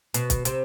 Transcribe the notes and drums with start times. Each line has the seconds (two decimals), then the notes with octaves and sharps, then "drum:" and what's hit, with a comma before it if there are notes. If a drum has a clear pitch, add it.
0.14 B2, drum: hi-hat
0.30 drum: kick, hi-hat
0.45 C3, drum: hi-hat